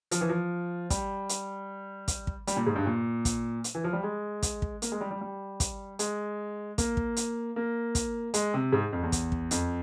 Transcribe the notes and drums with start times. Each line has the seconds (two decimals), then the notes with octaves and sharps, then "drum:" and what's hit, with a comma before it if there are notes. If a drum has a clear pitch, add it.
0.11 F3, drum: hi-hat
0.21 E3
0.29 F3
0.90 G3, drum: kick, hi-hat
1.29 drum: hi-hat
2.08 drum: kick, hi-hat
2.27 drum: kick
2.47 G3, drum: hi-hat
2.57 A#2
2.67 G#2
2.76 G2
2.86 A#2
3.25 drum: kick, hi-hat
3.64 drum: hi-hat
3.75 E3
3.84 F3
3.93 G3
4.03 G#3
4.43 drum: kick, hi-hat
4.62 drum: kick
4.82 A#3, drum: hi-hat
4.92 G#3
5.01 G3
5.11 G3
5.21 G3
5.60 drum: kick, hi-hat
5.99 G#3, drum: hi-hat
6.78 A#3, drum: kick, hi-hat
6.97 drum: kick
7.17 drum: hi-hat
7.56 A#3
7.95 drum: kick, hi-hat
8.34 G#3, drum: hi-hat
8.54 C3
8.72 G#2
8.92 F2
9.03 E2
9.12 drum: kick, hi-hat
9.32 drum: kick
9.51 F2, drum: hi-hat